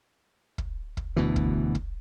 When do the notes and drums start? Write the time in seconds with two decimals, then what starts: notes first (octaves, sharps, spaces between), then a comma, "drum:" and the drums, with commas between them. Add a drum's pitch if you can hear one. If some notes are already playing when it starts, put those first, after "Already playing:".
0.58 drum: kick
0.97 drum: kick
1.16 D2 B2 E3
1.36 drum: kick
1.75 drum: kick